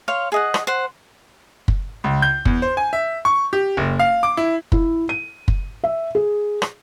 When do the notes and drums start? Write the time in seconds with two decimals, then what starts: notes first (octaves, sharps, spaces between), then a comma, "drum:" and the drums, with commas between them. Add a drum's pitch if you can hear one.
0.08 C#5 F5 C6
0.32 G#4 D#5 F#5
0.54 drum: rim click
0.67 C5 F#5
1.68 drum: kick
2.04 C#2
2.22 G6
2.45 E2, drum: kick
2.62 C5
2.77 G#5
2.93 E5
3.25 C#6
3.53 G4
3.77 F#1
3.99 F5
4.23 D6
4.37 E4
4.72 E4, drum: kick
5.09 D#7
5.48 drum: kick
5.84 E5
6.15 G#4
6.62 drum: rim click